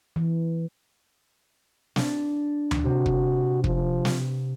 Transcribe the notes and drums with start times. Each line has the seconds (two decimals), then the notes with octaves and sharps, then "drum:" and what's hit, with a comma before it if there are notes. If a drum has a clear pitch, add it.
0.16 E3
1.96 D4, drum: snare
2.71 drum: tom D2
2.85 C3 F#4
3.06 drum: kick
3.64 F3, drum: kick
4.05 drum: snare